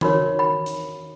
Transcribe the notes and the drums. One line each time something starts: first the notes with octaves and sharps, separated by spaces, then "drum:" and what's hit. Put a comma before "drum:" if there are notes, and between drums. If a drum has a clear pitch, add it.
D#4 F#4 A#4 C#5 B5, drum: tom D#3
B5
drum: hi-hat